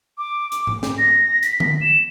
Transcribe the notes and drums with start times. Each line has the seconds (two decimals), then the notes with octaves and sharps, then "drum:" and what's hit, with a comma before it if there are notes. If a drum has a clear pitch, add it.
0.18 D6
0.52 drum: hi-hat
0.67 drum: tom G#2
0.83 drum: snare
0.98 A#6
1.43 B6, drum: hi-hat
1.60 drum: tom D3
1.81 E7